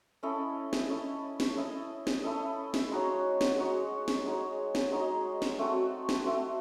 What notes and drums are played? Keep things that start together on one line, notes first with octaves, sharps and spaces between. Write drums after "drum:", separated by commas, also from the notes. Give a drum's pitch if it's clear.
C#4 E4 A4 D#5
drum: snare
C#4 E4 A4 D#5
drum: snare
C#4 E4 A4 D#5
drum: snare
C#4 E4 A4 D#5
drum: snare
G#3 D#4 F#4 C#5
drum: snare
G#3 D#4 F#4 C#5
drum: snare
G#3 D#4 F#4 C#5
drum: snare
G#3 D#4 F#4 C#5
drum: snare
A3 C4 F#4
drum: snare
A3 C4 F#4